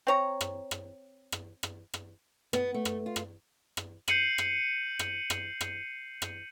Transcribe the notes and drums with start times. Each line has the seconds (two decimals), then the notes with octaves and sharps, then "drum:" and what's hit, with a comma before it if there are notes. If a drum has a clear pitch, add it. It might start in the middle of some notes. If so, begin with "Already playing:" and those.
0.07 C4 C#5 A#5
0.41 drum: rim click
0.71 drum: rim click
1.32 drum: rim click
1.63 drum: rim click
1.94 drum: rim click
2.53 B3, drum: rim click
2.74 A3
2.85 drum: rim click
3.06 F4
3.16 drum: rim click
3.77 drum: rim click
4.08 G6 C7 C#7 D#7 F#7, drum: rim click
4.38 drum: rim click
4.99 drum: rim click
5.30 drum: rim click
5.61 drum: rim click
6.22 drum: rim click